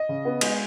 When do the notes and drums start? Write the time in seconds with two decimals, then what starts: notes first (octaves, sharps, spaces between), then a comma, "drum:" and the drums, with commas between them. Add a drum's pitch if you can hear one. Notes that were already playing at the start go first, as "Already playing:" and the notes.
Already playing: D#5
0.09 C#3
0.25 B3
0.41 G#3, drum: cymbal